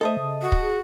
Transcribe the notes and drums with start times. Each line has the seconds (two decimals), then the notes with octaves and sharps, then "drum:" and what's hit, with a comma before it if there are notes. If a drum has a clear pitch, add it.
0.01 A3 A4 C5 D#5 E5 A5 D#6
0.20 C#3
0.42 F#4
0.52 drum: kick
0.61 G#4